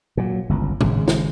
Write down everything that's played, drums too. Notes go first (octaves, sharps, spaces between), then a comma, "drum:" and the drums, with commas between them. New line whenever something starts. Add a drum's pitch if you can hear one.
A#2 F#3
G1 C#2
G#1 C#3 G#3, drum: tom A2
drum: snare